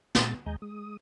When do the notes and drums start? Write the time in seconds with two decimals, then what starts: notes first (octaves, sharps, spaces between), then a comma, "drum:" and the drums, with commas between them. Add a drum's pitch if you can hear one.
0.15 A#2 G#3 A6, drum: snare
0.46 D#2 G#3 D#5 G#5 A#5 G6
0.62 G#3 D#6